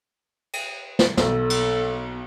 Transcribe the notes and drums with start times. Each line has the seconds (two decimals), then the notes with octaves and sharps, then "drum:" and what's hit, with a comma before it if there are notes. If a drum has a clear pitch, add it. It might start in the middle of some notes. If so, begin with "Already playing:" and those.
0.53 drum: cymbal
0.99 drum: snare
1.17 B1 A4, drum: snare
1.50 drum: cymbal